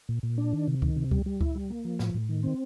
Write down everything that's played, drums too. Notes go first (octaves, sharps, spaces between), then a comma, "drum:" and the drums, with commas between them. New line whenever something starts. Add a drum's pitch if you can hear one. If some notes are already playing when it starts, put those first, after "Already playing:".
A#2
A#2
D4
D#3
C3
D#3, drum: kick C#2
C3
G3, drum: kick C#2
G3
E4, drum: kick C#2
G3
A#3
F3
A2, drum: snare
A2
D#3
C4